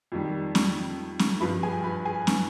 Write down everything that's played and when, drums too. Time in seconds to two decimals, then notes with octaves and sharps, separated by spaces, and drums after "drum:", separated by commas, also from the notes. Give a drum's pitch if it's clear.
0.12 F2 D#3 G3
0.55 drum: snare
1.19 drum: snare
1.40 G2 F3 B4 B5
1.63 G#4 G#5
1.84 B4 B5
2.05 G#4 G#5
2.27 drum: snare